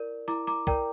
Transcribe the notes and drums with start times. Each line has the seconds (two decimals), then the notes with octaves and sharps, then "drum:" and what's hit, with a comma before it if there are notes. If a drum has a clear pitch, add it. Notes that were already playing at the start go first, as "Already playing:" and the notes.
Already playing: E4 A#4 D5
0.28 E4 A#5 D6, drum: tambourine
0.47 A#5 D6, drum: tambourine
0.67 A#4 D5 G5 A#5, drum: kick, tambourine